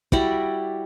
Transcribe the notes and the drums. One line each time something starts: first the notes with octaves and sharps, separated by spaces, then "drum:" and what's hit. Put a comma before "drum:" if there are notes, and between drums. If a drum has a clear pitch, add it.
G3 E4 F#4 D5, drum: kick